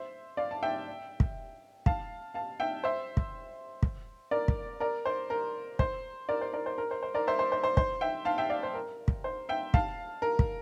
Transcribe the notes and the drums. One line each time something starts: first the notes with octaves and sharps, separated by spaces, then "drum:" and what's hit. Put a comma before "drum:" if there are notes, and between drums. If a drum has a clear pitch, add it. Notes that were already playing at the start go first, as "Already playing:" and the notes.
Already playing: C5 E5
D5 F5
A5
E5 G5
drum: kick
F5 A5, drum: kick
F5 A5
E5 G5
C5 E5
drum: kick
drum: kick
A#4 D5
drum: kick
A#4 D5
C5
A#4
C5, drum: kick
A#4 D5
C5
A#4 D5
C5
A#4
C5
C5
A#4 D5
C5 E5
C5
C5
C5
C5, drum: kick
E5 G5
F5 A5
E5 G5
D5 F5
C5
A#4
drum: kick
C5
E5 G5
F5 A5, drum: kick
A#4
drum: kick